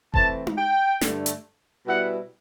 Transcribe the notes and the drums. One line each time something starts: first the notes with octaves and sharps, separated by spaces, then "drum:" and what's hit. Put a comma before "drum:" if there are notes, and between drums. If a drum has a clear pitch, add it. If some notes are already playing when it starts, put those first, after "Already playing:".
E3 A3 C4 A5, drum: kick F1
drum: tom D#4
G5
G2 D3 A3, drum: snare
drum: hi-hat
B2 G3 B3 E4 F#5